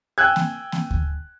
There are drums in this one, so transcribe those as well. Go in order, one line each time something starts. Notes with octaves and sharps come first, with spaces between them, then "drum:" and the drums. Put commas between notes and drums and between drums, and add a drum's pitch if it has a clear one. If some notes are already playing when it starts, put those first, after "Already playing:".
G5 G#5 E6 F#6 G#6
drum: snare A#3
drum: snare A#3
drum: kick D2